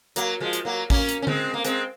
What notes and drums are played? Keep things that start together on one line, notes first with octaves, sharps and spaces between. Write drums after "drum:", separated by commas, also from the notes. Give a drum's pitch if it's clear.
F#3 A#3, drum: hi-hat
F3 G#3
drum: hi-hat
F#3 A#3
A#3 C#4, drum: kick, open hi-hat
drum: hi-hat
C#4
G#3 C4, drum: tom D3
A#3
G#3 C4, drum: hi-hat